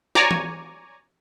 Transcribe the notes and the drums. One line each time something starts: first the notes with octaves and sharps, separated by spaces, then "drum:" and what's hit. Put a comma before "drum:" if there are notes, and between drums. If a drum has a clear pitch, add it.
C#5 D5 G#5 A#5 D6, drum: snare
drum: tom